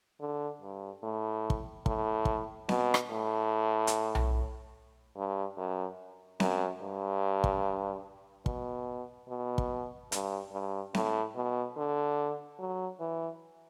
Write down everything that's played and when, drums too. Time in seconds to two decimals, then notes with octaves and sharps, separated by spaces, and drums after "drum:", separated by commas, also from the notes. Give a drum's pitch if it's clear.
0.21 D3
0.62 G2
1.03 A2
1.50 drum: kick
1.86 A2, drum: kick
2.25 drum: kick
2.69 B2, drum: snare C4
2.94 drum: rim click
3.10 A2
3.87 drum: hi-hat
4.15 drum: tom B1
5.16 G2
5.58 F#2
6.40 F#2, drum: snare C4
6.82 G2
7.44 drum: kick
8.46 B2, drum: kick
9.29 B2
9.58 drum: kick
10.12 G2, drum: hi-hat
10.52 G2
10.94 A2, drum: snare C4
11.35 B2
11.77 D3
12.59 F#3
13.00 E3